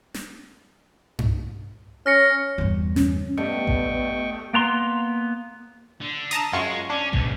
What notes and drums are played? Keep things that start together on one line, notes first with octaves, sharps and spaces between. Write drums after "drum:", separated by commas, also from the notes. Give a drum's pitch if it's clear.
drum: snare
drum: tom G2
C#4 F6 A#6 C#7
E2 G2
C#4, drum: snare
G2 A3 B3 D#5 G5 C#6
drum: kick A1
A#3 B3 A#5 C6
D3
A5 A#5 D#6, drum: hi-hat
F#2 G#3 F4 C#6
C#4 D4
B1 G#2, drum: kick A1